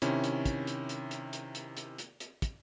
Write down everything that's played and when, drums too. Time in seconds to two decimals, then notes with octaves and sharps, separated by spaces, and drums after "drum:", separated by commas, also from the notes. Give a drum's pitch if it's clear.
0.02 C3 D#3 C#4 E4, drum: hi-hat
0.24 drum: hi-hat
0.46 drum: kick, hi-hat
0.67 drum: hi-hat
0.89 drum: hi-hat
1.11 drum: hi-hat
1.33 drum: hi-hat
1.55 drum: hi-hat
1.77 drum: hi-hat
1.98 drum: hi-hat
2.20 drum: hi-hat
2.42 drum: kick, hi-hat